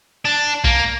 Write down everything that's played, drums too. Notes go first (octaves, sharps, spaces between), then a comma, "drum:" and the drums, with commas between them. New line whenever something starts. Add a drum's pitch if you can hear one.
D4
A#3, drum: kick B1